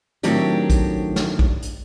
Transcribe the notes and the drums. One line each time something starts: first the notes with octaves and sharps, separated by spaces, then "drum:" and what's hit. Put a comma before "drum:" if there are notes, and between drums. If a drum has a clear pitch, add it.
A2 D#3 F#3 C4 D4 G4, drum: hi-hat
drum: kick A#1, hi-hat
drum: snare
drum: kick A#1
drum: hi-hat